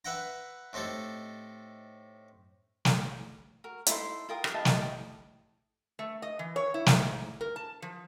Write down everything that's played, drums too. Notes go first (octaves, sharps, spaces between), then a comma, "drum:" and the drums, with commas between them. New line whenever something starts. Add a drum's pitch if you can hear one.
B4 E5 F#5 G5 A#5
A2 C4 D#4 G4 A4
drum: snare
F#4 A#4
D#4 E4 A4 C6, drum: hi-hat
F4 A#4 G5 D#6
drum: rim click
E4 G4 D#5 A5
drum: snare
A3
D#5
E3
C#5
E4
G#2, drum: snare
A#4
A5
F3